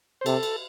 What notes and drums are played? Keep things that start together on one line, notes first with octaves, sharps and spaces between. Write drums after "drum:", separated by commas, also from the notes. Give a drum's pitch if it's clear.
C5
C3 A4, drum: cymbal
drum: cymbal